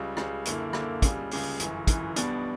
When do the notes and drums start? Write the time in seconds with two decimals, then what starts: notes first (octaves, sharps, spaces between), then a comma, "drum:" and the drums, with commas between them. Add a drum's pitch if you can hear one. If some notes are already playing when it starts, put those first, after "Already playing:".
Already playing: C#2 C#3 G3
0.17 C#2 C#3 G3, drum: rim click
0.45 F#2 D3 A#3 E4, drum: hi-hat
0.73 F#2 D3 A#3 E4, drum: rim click
1.02 C#2 C#3 G3, drum: kick, hi-hat
1.31 C#2 C#3 G3, drum: open hi-hat
1.60 G1 F#2 E3, drum: hi-hat
1.87 G1 F#2 E3, drum: kick, hi-hat
2.16 B1 B2 G3 B3 D4, drum: hi-hat